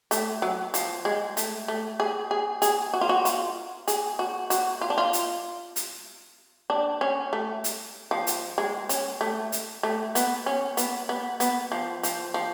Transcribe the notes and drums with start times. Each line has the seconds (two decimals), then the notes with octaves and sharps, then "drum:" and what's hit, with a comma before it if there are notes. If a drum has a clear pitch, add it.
0.11 A3, drum: hi-hat
0.42 F#3
0.74 F3, drum: hi-hat
1.05 G#3
1.37 A3, drum: hi-hat
1.68 A3
2.00 G#4
2.31 G#4
2.62 G#4, drum: hi-hat
2.94 F#4
3.01 F4
3.09 F#4
3.25 F4, drum: hi-hat
3.88 G#4, drum: hi-hat
4.19 F#4
4.50 F#4, drum: hi-hat
4.81 F4
4.90 D4
4.98 F4
5.13 drum: hi-hat
5.76 drum: hi-hat
6.70 D4
7.01 C#4
7.33 A3
7.64 drum: hi-hat
8.11 F3
8.27 drum: hi-hat
8.58 G#3
8.89 C#4, drum: hi-hat
9.21 A3
9.52 drum: hi-hat
9.83 A3
10.15 B3, drum: hi-hat
10.46 C#4
10.77 B3, drum: hi-hat
11.09 B3
11.40 B3, drum: hi-hat
11.72 F3
12.03 F3, drum: hi-hat
12.34 F3